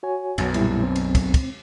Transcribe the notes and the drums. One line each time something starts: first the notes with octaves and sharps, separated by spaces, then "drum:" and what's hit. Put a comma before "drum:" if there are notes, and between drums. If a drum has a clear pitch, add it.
F#4 C#5 G#5
B1 F#2, drum: cymbal
A#2 G3 E4, drum: cymbal
C4
drum: cymbal
drum: kick, cymbal
drum: kick, cymbal